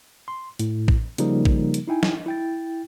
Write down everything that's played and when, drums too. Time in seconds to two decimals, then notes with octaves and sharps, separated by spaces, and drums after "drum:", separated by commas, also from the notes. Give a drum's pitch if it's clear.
0.28 C6
0.59 A2, drum: hi-hat
0.88 drum: kick
1.18 C#3 F3 G3 A#3 D#4 A#4, drum: hi-hat
1.45 drum: kick
1.74 drum: hi-hat
1.88 D#4 E4 G5 G#5
2.03 drum: snare
2.26 E4 G5 A6